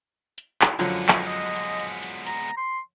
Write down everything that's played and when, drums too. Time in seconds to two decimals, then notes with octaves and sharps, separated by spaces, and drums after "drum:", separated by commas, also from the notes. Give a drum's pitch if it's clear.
0.38 drum: hi-hat
0.61 drum: clap
0.79 F#2 D3 F3 G#3 B3
1.09 drum: clap
1.27 D#5
1.56 drum: hi-hat
1.79 drum: hi-hat
2.03 drum: hi-hat
2.26 A#5, drum: hi-hat
2.57 C6